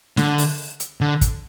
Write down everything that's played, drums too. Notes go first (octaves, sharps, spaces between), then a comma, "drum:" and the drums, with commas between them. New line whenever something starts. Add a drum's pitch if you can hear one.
D3, drum: snare
drum: open hi-hat
drum: hi-hat
D3
drum: kick, hi-hat